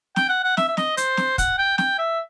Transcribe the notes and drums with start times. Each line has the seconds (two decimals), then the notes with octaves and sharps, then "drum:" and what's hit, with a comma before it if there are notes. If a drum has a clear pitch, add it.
0.16 G5, drum: snare
0.29 F#5
0.44 F#5
0.57 E5, drum: snare
0.68 E5
0.77 D#5, drum: snare
0.97 C5, drum: hi-hat
1.17 drum: snare
1.38 F#5, drum: kick, hi-hat
1.58 G5
1.78 G5, drum: snare
1.98 E5